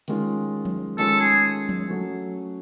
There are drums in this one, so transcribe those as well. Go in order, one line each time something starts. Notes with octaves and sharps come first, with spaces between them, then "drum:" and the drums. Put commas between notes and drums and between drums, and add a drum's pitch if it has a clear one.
D#3 G#3 C#4 F4, drum: hi-hat
drum: tom F3
D#3 G#3 C#4 F4 A4, drum: hi-hat
G#4, drum: hi-hat
drum: tom F3
F#3 A3 C#4